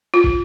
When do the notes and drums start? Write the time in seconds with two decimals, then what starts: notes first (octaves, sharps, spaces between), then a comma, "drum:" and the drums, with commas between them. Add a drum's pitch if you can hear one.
0.14 F4
0.24 drum: kick